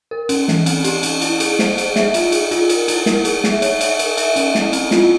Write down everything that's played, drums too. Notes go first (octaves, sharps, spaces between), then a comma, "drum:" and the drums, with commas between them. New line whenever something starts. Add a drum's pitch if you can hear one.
A#4
C#4, drum: cymbal
E3, drum: snare
C4, drum: cymbal
G4, drum: cymbal
C#4, drum: cymbal
E4, drum: cymbal
G#4, drum: cymbal
C5, drum: snare
G#4, drum: cymbal
E5, drum: snare
F4, drum: cymbal
G#4, drum: cymbal
F4, drum: cymbal
A#4, drum: cymbal
E4, drum: cymbal
A#4, drum: snare
G#4, drum: cymbal
E5, drum: snare
C#5, drum: cymbal
E5, drum: cymbal
A#4, drum: cymbal
E5, drum: cymbal
C#4, drum: cymbal
E4, drum: snare
C4, drum: cymbal
F4, drum: snare